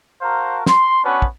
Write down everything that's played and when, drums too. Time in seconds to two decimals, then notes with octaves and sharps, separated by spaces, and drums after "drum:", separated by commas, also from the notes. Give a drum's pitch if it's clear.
0.22 F#4 A#4 C5 F5 A5 A#5
0.66 C6, drum: snare
1.04 B3 C#4 D4 F#4 B4
1.22 drum: kick